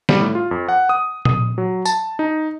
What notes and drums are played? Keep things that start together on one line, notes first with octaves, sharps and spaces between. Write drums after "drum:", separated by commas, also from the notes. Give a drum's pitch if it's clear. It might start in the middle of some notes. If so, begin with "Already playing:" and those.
G3, drum: snare
A2
F4
F2
F#5
D#6
D#6, drum: tom A#2
F#3
A5, drum: tambourine
D#4